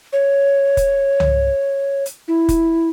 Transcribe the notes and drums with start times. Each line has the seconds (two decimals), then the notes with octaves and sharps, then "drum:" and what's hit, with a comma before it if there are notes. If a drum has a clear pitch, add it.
0.13 C#5
0.77 drum: kick, hi-hat
1.20 drum: tom C2
2.06 drum: hi-hat
2.28 E4
2.49 drum: kick, hi-hat